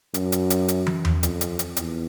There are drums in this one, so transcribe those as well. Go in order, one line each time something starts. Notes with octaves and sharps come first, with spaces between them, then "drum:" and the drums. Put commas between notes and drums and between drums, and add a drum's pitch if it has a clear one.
F#2, drum: hi-hat
drum: hi-hat
drum: hi-hat
drum: hi-hat
drum: tom
drum: tom E2
F2, drum: hi-hat
drum: hi-hat
drum: hi-hat
E2, drum: hi-hat